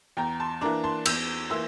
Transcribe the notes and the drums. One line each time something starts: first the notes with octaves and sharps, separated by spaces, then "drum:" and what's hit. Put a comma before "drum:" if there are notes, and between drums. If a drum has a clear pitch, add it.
E2 G5 A#5
A5 C6
E3 A#3 D4 A#5 D6
A5 C6
E2 E6 G6, drum: cymbal
E3 A#3 C6 E6